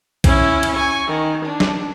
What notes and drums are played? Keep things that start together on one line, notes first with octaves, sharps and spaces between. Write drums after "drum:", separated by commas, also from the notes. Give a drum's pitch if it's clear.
C#4 E4, drum: kick, cymbal
drum: cymbal
G#5 C#6
D#3
D4
drum: snare